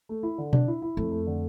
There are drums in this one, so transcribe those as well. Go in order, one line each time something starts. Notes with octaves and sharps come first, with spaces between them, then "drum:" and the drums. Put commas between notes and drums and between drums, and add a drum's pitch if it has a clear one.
A3
E4
D3
D4, drum: tom B2
E4
E4
F2 A3
A3
D3